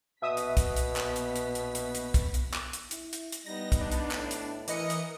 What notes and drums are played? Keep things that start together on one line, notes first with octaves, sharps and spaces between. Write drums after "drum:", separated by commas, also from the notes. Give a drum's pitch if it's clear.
A#1 B2 B3 E5 D#6 B6
drum: hi-hat
drum: kick, hi-hat
drum: hi-hat
drum: clap
drum: hi-hat
drum: hi-hat
drum: hi-hat
drum: hi-hat
drum: hi-hat
drum: kick, hi-hat
drum: hi-hat
drum: clap
drum: hi-hat
E4, drum: hi-hat
drum: hi-hat
drum: hi-hat
G3 B3 D#4 A#6
drum: kick, hi-hat
D4
drum: hi-hat
A2, drum: clap
drum: hi-hat
E3 A#4 D#5 D#6 C#7, drum: hi-hat
drum: hi-hat